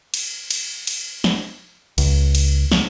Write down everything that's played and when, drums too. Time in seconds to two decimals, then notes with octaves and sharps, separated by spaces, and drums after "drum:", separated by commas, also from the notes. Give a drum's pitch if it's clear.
0.14 drum: cymbal
0.50 drum: cymbal
0.87 drum: cymbal
1.24 drum: snare
1.98 C#2, drum: cymbal
2.35 drum: cymbal
2.72 drum: snare